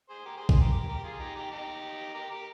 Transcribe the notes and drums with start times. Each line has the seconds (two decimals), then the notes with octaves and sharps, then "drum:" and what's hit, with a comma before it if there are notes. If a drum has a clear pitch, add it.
0.09 G#4 C5
0.25 G4 A#4
0.37 G#4 C5
0.49 G#4 C5, drum: kick
0.60 G4 A#4
0.72 G4 A#4
0.88 G4 A#4
1.04 F4 G#4
1.19 D#4 G4
1.36 D#4 G4
1.51 D#4 G4
2.14 G4 A#4
2.30 G4 A#4